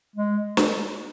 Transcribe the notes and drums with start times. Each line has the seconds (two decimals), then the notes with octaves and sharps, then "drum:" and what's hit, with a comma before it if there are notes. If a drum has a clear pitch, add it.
0.16 G#3
0.57 drum: snare